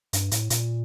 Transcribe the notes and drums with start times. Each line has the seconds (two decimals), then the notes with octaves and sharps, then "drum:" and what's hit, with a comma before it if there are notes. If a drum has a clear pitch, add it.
0.13 G2, drum: hi-hat
0.31 A2, drum: hi-hat
0.50 A#2, drum: hi-hat